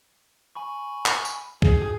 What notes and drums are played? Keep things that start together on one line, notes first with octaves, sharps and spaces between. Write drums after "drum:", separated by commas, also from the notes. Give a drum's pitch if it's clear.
G#5 B5 C#6
drum: clap
drum: tambourine
G#2 G#4, drum: kick